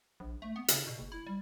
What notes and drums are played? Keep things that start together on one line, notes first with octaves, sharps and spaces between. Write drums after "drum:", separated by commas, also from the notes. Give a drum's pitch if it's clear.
A#1
A3
B3
C#3, drum: hi-hat
B2
F#1
E4
G3